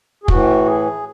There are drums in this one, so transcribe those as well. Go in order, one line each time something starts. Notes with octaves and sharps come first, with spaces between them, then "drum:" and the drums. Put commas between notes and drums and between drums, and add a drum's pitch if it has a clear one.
G#4
A2 E3 F#4, drum: kick
G#4